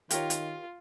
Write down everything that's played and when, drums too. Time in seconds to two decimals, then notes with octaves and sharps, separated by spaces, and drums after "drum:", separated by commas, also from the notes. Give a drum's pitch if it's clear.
0.10 D#3 F4 G4 A#4 C#5, drum: hi-hat
0.30 drum: hi-hat